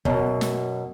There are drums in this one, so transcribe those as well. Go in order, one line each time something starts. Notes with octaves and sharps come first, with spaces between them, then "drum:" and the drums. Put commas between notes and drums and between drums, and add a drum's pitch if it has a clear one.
F#2 B2, drum: kick
drum: snare